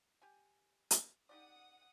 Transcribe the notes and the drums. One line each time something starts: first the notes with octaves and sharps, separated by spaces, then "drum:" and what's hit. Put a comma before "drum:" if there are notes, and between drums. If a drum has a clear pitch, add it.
G4 G#5
drum: hi-hat
D#4 G4 D5 F#5 D#6